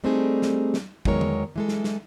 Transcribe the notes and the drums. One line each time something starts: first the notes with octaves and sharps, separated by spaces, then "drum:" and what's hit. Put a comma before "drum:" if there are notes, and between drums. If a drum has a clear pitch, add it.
G3 A3 C4 D4 D#4 G#4
drum: snare
drum: snare
E2 D#3 F#3 G#3 A#4 C#5, drum: kick
drum: tom D3
E3 G#3 A4
drum: snare
drum: snare